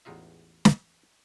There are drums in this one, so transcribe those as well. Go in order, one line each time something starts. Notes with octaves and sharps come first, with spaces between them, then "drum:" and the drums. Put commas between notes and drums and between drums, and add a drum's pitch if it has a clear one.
A1 E2 G#3 D#4 F4 E5
drum: snare